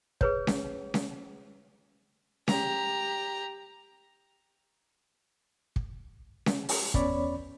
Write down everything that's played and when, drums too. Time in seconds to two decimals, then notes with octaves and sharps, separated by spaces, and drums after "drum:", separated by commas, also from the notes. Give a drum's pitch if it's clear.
0.21 G#4 B4 C#5, drum: kick
0.47 drum: snare C#4
0.94 drum: snare C#4
2.48 G4 A#5, drum: snare C#4
5.76 drum: kick
6.46 drum: snare C#4
6.69 drum: open hi-hat
6.94 E2 B3 C#4 C#5 D5 B5, drum: kick